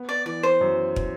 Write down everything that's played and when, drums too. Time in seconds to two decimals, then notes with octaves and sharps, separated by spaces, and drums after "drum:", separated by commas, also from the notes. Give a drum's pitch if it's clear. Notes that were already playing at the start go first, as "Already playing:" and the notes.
Already playing: B3
0.09 D5
0.25 E3 D5
0.43 C5
0.61 F#2
0.96 drum: kick